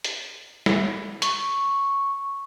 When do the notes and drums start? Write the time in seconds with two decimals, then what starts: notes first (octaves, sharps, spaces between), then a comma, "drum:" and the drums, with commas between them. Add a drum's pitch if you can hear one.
0.04 drum: hi-hat
0.66 drum: snare
1.22 C#6, drum: hi-hat